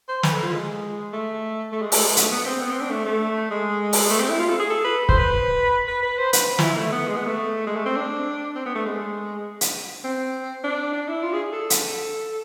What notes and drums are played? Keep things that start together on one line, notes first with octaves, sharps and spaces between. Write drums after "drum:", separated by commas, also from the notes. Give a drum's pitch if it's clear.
C5
B4, drum: snare
A4
F4
G#3
A3
A3
G#3
A3, drum: open hi-hat
G#3
A3, drum: hi-hat
B3
C4
B3
C4
D4
A3
A3
G#3
drum: open hi-hat
A3
C4
E4
F4
A4
G#4
A4
B4
C5, drum: kick
B4
B4
B4
C5
B4, drum: hi-hat
F4, drum: snare
E4
A3
B3
G#3
B3
A3
G#3
A3
C4
D4
C4
B3
A3
G#3
drum: hi-hat
C4
D4
D4
E4
F4
G#4
A4
drum: hi-hat